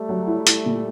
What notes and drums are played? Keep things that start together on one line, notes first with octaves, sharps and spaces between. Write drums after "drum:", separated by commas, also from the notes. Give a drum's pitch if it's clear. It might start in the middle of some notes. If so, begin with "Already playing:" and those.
Already playing: G3 A3
F#3
E4
E4, drum: hi-hat
A#2